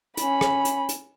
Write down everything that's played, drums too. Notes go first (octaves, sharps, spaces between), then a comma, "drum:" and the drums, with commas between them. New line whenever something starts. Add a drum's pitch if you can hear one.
C#4 B5, drum: hi-hat
drum: rim click
drum: hi-hat
drum: hi-hat